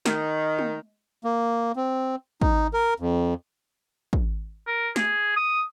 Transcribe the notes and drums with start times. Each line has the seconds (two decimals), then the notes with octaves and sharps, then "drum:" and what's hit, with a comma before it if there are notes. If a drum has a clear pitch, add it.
0.06 D#3, drum: snare
0.59 drum: tom
1.24 A#3
1.76 C4
2.42 D#4, drum: kick
2.73 A#4
3.00 F2
4.13 drum: kick
4.67 A#4
4.96 G#4, drum: snare
5.36 D#6